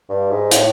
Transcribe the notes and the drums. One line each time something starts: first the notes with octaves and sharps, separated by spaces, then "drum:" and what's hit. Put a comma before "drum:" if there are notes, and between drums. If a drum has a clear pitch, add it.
G2
G#2
A2, drum: hi-hat